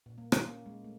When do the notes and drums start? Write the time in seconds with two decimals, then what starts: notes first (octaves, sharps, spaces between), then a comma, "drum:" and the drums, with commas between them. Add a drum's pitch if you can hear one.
0.06 A#2
0.18 A#3
0.32 C#4, drum: rim click
0.44 A#3
0.66 G#3
0.84 A3